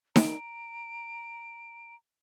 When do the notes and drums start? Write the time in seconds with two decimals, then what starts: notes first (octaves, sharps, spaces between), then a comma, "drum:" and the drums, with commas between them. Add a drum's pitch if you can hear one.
0.16 A#5 D7, drum: snare D#4